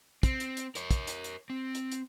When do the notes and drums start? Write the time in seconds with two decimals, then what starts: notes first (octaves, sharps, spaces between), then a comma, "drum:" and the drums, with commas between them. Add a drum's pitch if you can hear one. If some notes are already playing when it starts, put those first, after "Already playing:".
0.23 C4, drum: kick, hi-hat
0.40 drum: hi-hat
0.57 drum: hi-hat
0.75 A#4 C#5, drum: hi-hat
0.91 drum: kick, hi-hat
1.07 drum: hi-hat
1.24 drum: hi-hat
1.50 C4
1.75 drum: hi-hat
1.92 drum: hi-hat